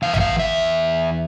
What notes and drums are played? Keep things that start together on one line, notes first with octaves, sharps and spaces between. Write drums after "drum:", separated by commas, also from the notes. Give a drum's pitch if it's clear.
E2 E3 F5
E5, drum: tom A1
F5
E5